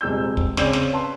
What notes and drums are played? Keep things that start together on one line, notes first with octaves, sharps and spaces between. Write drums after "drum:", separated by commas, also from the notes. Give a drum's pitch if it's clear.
D#1 C3 G#3 E6 G6
drum: kick
C#3 C4 C#4 D5 E6 G6, drum: snare
drum: snare
B4 A5 C6